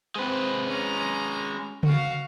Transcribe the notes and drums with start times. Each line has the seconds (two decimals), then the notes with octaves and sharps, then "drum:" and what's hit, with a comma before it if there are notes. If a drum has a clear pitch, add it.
0.15 G#3 C4 B4
0.67 C#4 A#5
1.83 F#4 F5, drum: tom C#3